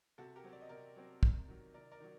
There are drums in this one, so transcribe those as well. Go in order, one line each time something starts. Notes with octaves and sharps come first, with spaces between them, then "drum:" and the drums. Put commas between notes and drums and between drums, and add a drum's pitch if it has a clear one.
C3 F#4 A4
G4 A#4
F#3 C4
D5
D#5
C3 A#4 D5
F#3 C4
C3, drum: kick
D#3 F#3
C3 A#4 D5
A#4 D5
D#3 F#3